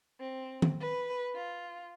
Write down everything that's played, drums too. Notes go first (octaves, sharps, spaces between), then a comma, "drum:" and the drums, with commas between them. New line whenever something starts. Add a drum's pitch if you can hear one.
C4
drum: tom
B4
F4